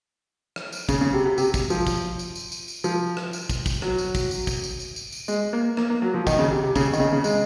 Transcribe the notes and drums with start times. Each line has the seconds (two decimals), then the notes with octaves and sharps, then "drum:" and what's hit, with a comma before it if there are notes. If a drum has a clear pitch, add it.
0.56 drum: rim click
0.72 drum: tambourine
0.89 C#3, drum: kick, tambourine
1.01 C#3
1.13 C3
1.26 C3
1.38 C3, drum: tambourine
1.54 drum: kick, tambourine
1.70 F3, drum: tambourine
1.87 drum: kick, tambourine
2.19 drum: tambourine
2.35 drum: tambourine
2.52 drum: tambourine
2.68 drum: tambourine
2.84 F3, drum: tambourine
3.17 drum: rim click
3.33 drum: tambourine
3.49 drum: kick, tambourine
3.66 drum: kick, tambourine
3.82 F#3, drum: rim click
3.98 drum: tambourine
4.15 drum: kick, tambourine
4.31 drum: tambourine
4.47 drum: kick, tambourine
4.64 drum: tambourine
4.80 drum: tambourine
4.96 drum: tambourine
5.12 drum: tambourine
5.28 G#3, drum: tambourine
5.53 A#3
5.77 A#3, drum: rim click
5.90 A#3
6.02 F#3
6.14 F3
6.27 D#3, drum: kick, tambourine
6.39 C#3
6.51 C3
6.63 C3
6.76 C#3, drum: kick, tambourine
6.93 D#3, drum: tambourine
7.00 C#3
7.12 C#3
7.24 G#3, drum: tambourine